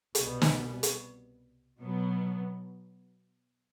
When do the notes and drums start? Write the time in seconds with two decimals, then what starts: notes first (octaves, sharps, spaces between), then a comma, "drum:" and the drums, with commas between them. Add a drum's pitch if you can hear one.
0.15 C2 B2 G3 B3, drum: hi-hat
0.42 drum: snare
0.83 drum: hi-hat
1.79 B2 F#3 B3